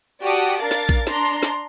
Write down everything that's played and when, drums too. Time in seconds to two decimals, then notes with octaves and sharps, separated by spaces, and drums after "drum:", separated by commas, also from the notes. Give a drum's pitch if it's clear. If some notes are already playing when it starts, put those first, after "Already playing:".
0.21 F#4 G4 D5 F#5 A5 D#6
0.60 D4 A#4 F5 A6
0.71 drum: snare
0.89 drum: kick A#1, tambourine
1.07 D4 A#5 C6, drum: snare
1.25 drum: tambourine
1.43 drum: snare